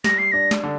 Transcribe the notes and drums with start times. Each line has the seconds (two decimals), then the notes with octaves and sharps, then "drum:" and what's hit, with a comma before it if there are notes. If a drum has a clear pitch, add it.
0.04 G3 A#6, drum: snare
0.18 C7
0.32 D4 A#6
0.51 drum: snare
0.64 D3